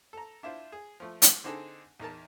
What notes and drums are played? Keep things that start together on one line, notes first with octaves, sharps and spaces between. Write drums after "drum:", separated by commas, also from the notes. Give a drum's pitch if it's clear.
A4 A#5
D4 E4 F4 C5
G#4
F3 A3
drum: hi-hat
D3 C4 D4 D#4 G#4 A4
E2 D#4 A#4 A5